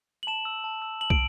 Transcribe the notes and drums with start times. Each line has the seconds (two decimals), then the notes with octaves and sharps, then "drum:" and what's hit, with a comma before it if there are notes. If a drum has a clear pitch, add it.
0.23 F#7
0.27 A5 E7
0.45 E6
0.64 A5
0.82 E6
1.01 A5 F#7
1.10 D7, drum: kick